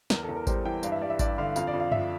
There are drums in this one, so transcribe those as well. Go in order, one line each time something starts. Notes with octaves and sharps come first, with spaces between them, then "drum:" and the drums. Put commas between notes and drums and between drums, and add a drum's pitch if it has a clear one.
E2 A#4, drum: snare
A4
E2
A#4
G3 C5, drum: kick G#1, tambourine
E3 G5
G2 F5, drum: tambourine
E5
G3 D5
E5
G2 D5, drum: kick G#1, tambourine
D3 F5
F2 F5, drum: tambourine
D5
F2
F5
F3 E5, drum: tom F#2